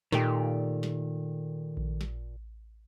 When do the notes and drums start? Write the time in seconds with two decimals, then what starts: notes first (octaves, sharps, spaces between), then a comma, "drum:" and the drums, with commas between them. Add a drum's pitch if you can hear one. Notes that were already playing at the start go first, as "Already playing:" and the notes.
0.12 A#2 D#3 A3 G4, drum: snare
0.83 drum: snare
1.77 drum: kick A#1
2.01 drum: snare